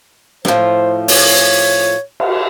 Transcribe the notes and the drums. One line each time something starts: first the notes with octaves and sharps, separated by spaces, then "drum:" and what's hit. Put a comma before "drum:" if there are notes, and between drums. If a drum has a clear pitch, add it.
A2 F3 C5, drum: snare
C#5, drum: open hi-hat
drum: cymbal